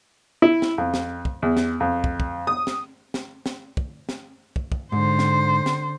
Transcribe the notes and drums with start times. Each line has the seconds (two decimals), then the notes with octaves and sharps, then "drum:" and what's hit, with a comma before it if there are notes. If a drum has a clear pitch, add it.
0.42 E4
0.62 drum: snare
0.78 F2
0.94 drum: snare
1.25 drum: kick
1.42 E2
1.57 drum: snare
1.80 F2
2.04 drum: kick
2.20 drum: kick
2.47 D#6
2.67 drum: snare
3.14 drum: snare
3.46 drum: snare
3.77 drum: kick
4.09 drum: snare
4.56 drum: kick
4.72 drum: kick
4.92 G#2 D3 C5
5.19 drum: snare
5.66 drum: snare